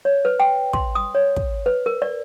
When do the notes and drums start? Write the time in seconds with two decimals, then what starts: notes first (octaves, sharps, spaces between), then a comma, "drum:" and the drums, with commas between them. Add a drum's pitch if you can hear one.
0.05 C#5
0.25 B4
0.40 G5
0.73 C6, drum: kick
0.95 D#6
1.15 C#5
1.36 drum: kick
1.66 B4
1.86 A#4
2.02 D5